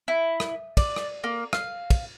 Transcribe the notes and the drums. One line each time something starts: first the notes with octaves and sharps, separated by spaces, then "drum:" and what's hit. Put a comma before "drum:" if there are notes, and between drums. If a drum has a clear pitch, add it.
E4
drum: rim click
D5, drum: kick, cymbal
drum: rim click
A#3
F5, drum: rim click
drum: kick, cymbal